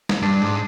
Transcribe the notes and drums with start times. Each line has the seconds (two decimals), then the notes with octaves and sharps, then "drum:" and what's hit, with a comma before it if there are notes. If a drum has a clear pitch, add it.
0.09 drum: snare
0.22 G2 D4
0.42 G#2